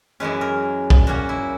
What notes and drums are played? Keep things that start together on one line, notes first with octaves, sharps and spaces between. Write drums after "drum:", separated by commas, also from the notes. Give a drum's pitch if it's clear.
F#2 E3 G#3 C#4 B4
A#4
drum: kick
A#2 A#3 C#4 F#4
E4